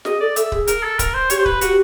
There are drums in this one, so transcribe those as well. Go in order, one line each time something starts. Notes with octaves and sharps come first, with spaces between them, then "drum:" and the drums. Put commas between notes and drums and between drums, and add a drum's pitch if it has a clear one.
G#4 D#5, drum: snare
A4 D5
A4 E5, drum: hi-hat
G#4, drum: kick D1
A#4, drum: hi-hat
A4
A#4, drum: kick D1, hi-hat
C5
G4 C#5, drum: hi-hat
C5
B4, drum: kick D1
F#4 G4, drum: hi-hat